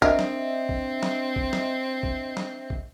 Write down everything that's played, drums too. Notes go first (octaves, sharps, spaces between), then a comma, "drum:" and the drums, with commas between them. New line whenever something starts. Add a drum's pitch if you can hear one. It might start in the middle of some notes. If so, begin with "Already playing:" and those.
C4 D4 A#4 D#5 E5, drum: kick A#1
drum: snare
drum: kick A#1
drum: snare
drum: kick A#1
drum: snare
drum: kick A#1
drum: snare
drum: kick A#1